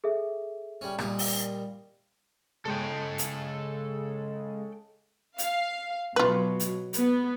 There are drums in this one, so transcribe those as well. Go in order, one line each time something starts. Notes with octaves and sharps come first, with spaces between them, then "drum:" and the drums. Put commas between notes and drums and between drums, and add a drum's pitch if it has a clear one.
G#4 A4 E5
G3 C#4
A#2 G3 D#4, drum: rim click
drum: open hi-hat
C#3 G#3 A4 G5
drum: hi-hat
F5, drum: hi-hat
B2 F#3 F4 B4
drum: hi-hat
B3, drum: hi-hat